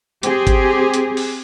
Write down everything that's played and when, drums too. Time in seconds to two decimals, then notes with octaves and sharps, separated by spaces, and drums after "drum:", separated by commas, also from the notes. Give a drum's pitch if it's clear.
0.23 C4 G4 G#4, drum: hi-hat
0.47 drum: kick, hi-hat
0.94 drum: hi-hat
1.17 drum: open hi-hat